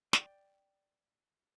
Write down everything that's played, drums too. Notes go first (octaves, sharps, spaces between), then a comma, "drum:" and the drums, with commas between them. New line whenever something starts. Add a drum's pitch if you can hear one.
D5 G5, drum: snare